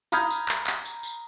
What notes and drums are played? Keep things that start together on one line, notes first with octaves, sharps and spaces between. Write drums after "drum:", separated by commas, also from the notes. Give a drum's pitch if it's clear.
A#5 B5 D#6 F6 G6 G#6, drum: tambourine
drum: tambourine
drum: clap
drum: clap
drum: tambourine
drum: tambourine